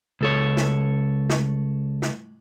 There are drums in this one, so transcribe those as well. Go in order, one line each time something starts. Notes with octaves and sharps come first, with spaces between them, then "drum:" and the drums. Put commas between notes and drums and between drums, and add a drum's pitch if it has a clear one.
C#2 A4 C#5
drum: snare
drum: snare
drum: snare